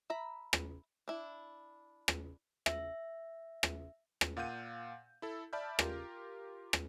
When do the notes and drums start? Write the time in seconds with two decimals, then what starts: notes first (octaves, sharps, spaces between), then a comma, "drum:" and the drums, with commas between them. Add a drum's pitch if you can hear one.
0.10 E5 A#5 B5
0.53 drum: rim click
1.08 D4 E4
2.08 drum: rim click
2.66 E5, drum: rim click
3.63 drum: rim click
4.21 drum: rim click
4.37 A#2 F5 F#5 G6 D#7
5.22 E4 A4
5.53 D5 E5 A5 B5 F6 G6
5.79 F4 G4 A#4, drum: rim click
6.73 drum: rim click